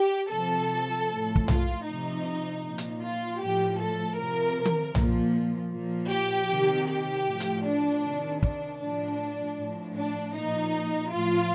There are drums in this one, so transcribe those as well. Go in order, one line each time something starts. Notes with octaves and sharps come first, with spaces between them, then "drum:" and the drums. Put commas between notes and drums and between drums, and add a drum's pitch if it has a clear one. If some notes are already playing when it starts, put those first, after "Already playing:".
Already playing: G4
C3 F3 A4
A2 F3
drum: kick
F4, drum: tom B1
C3 F3 D#4
A#2 F3
drum: hi-hat
F4
A2 F3 G4
A4
C3 F3 A#4
drum: tom D#3
A#2, drum: tom B1
F3
A#2 F3
G4
C3 D#3
G4
A2 F3
drum: hi-hat
D4
C3 D#3
D4, drum: kick
A2 F3 D4
A2 F3
D4
A#2 F3 D#4
A2 F3 F4